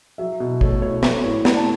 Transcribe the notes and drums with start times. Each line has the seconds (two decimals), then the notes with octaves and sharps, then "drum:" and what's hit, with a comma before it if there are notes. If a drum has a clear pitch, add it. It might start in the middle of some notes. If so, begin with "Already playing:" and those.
0.18 F#3 E5
0.40 B2
0.61 A3 C#5, drum: kick
0.82 B2 C#5
1.03 F#3 C#5, drum: snare
1.24 A2 C#5
1.45 A3 D5, drum: snare
1.57 A5